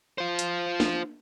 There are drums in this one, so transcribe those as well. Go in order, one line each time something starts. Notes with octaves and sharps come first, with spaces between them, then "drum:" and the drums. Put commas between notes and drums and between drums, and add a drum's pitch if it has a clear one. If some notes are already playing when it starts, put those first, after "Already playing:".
F4 C5
drum: hi-hat
drum: snare